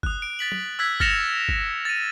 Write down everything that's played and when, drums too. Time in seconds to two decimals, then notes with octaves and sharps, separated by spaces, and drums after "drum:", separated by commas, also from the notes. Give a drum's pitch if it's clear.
0.03 D#6 F#6, drum: kick
0.22 D7
0.39 A6 B6 F#7
0.52 drum: tom
0.79 E6 F#6 G#6 B6
1.00 F6 A6 A#6 C#7 E7 F7, drum: kick
1.49 drum: kick
1.85 A6 D#7